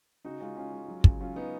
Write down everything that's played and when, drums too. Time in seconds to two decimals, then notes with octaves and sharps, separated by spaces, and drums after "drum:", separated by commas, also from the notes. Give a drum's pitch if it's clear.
0.25 C#3 D#4 F#4
0.40 G#3 C#4 F4
0.56 C#3 C#4 F4
0.72 G#3
0.88 F#3
1.04 C#3, drum: kick
1.20 F#3 C#4 F4
1.36 F#3 B3 D#4